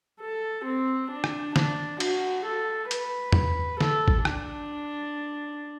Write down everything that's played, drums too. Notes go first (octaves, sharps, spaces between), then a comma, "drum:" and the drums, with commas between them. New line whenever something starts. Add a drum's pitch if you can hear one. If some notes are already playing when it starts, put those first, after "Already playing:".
A4
C4
D4
drum: rim click
D4, drum: snare D3
F#4, drum: cymbal
A4
B4, drum: hi-hat
drum: tom E2
A4, drum: snare D3
drum: kick G#1
D4, drum: rim click